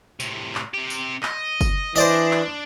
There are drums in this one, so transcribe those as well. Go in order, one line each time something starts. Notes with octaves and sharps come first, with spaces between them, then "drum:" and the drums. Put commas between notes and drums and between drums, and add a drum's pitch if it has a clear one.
A2 C3, drum: tambourine
drum: clap
C3 G4
drum: tambourine
D#5, drum: clap
drum: kick F#1, tambourine
E3 D4 C5 D5 D#5
drum: clap